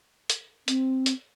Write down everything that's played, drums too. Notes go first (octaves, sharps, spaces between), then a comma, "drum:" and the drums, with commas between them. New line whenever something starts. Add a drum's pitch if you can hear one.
drum: hi-hat
C4, drum: hi-hat
drum: hi-hat